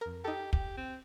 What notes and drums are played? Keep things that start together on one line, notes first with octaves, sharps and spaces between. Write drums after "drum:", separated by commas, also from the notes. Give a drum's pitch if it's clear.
F2 A#4
D#4 G4 A4
G4, drum: kick
C4